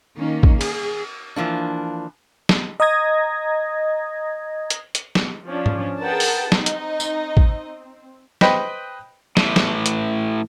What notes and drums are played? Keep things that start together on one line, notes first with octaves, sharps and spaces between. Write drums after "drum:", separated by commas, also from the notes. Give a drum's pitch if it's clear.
D#3 A#3 C#4 D#4
drum: kick
G#4, drum: cymbal
E3 F3 A#3 D4
drum: snare
D#5 A#5 D#6 G#6 A#6
drum: hi-hat
drum: hi-hat
drum: snare
F3 C#4 D4
drum: tom G#2
G#4 A#4 B4 F#5 G5 A5
drum: open hi-hat
C4 D#4 D#5, drum: snare
drum: hi-hat
drum: tambourine
drum: kick
B4 C5 D#5 G5 B5, drum: snare
A2 E3, drum: snare
drum: snare
drum: hi-hat